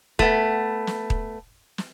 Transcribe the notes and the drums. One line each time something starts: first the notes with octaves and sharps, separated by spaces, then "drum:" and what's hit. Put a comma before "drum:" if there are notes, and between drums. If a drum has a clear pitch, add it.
A3 B3, drum: kick D#1
drum: snare
drum: kick D#1
drum: snare